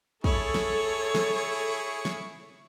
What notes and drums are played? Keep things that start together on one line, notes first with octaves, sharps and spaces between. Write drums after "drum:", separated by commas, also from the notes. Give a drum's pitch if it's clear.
E4 G#4 A4 C#5 C#6, drum: kick
drum: snare
drum: snare
drum: snare